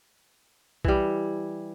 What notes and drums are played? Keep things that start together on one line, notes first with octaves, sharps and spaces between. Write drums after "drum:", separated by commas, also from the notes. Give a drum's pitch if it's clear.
E3 G3, drum: kick B1